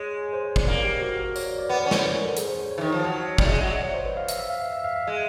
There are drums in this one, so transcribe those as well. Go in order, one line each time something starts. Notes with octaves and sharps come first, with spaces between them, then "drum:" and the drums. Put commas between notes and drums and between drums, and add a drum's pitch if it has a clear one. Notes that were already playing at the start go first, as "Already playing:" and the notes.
Already playing: G#3 C#5
C5
C#5
D5, drum: kick
A#3 C5
G4
F#4
F#4
C5
C#5, drum: tambourine
D5
D5
B3 D5
C#4
C5, drum: snare
B4
A#4
A4
G#4, drum: hi-hat
C5
C#5
C#5
E3
D#3
F3
F#3
G3, drum: kick
A3
G#3 D#5
F#3 E5
D5
C#5
C5
B4
F5
E5, drum: hi-hat
E5
F5
E5
E5
F5
E5
G#3 D#5